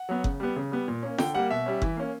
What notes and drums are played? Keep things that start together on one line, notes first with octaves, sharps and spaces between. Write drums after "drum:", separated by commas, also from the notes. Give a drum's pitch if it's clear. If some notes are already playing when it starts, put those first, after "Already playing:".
Already playing: F#5
F#3 B3
C#3, drum: kick F#1
G3 B3
C#3
G3 B3
A#2
A#3 C#4
D3 G5, drum: snare
G3 A#3 F#5
B2 E5
G3 C#4
E3, drum: kick F#1
A#3 C#4